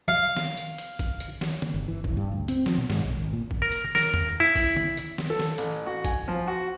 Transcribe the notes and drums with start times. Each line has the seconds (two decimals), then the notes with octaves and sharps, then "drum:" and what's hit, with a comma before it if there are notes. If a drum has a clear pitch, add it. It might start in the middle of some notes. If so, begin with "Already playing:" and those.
0.08 F5
0.37 drum: snare
0.57 drum: hi-hat
0.78 drum: hi-hat
0.99 drum: kick, hi-hat
1.20 drum: hi-hat
1.41 drum: snare
1.62 drum: tom D3
1.74 G1
1.88 E3
2.04 D#1, drum: kick
2.17 G2
2.32 D2
2.48 C4, drum: hi-hat
2.66 F3, drum: snare
2.78 B2
2.90 G#2, drum: snare
3.05 B1
3.18 G#1
3.33 A#2
3.51 drum: kick
3.62 A#4
3.72 drum: hi-hat
3.95 A#4, drum: snare
4.14 drum: tom E2
4.40 E4
4.56 drum: kick, open hi-hat
4.76 drum: tom D3
4.97 drum: hi-hat
5.18 drum: snare
5.30 A4
5.39 drum: snare
5.58 A1, drum: hi-hat
5.86 F#4
6.05 G#5, drum: kick, hi-hat
6.28 F3
6.48 F#4